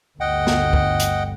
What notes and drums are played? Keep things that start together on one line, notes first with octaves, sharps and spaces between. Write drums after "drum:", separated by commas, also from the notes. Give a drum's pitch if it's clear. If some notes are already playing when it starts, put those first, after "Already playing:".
G1 D2 D#5 F#5 G5
drum: snare
drum: kick
drum: hi-hat